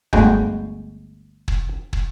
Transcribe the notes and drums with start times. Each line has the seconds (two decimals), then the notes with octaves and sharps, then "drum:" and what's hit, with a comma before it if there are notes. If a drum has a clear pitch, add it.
0.13 G1 D2 G#3 F#4 G5, drum: kick
1.48 drum: kick
1.93 drum: kick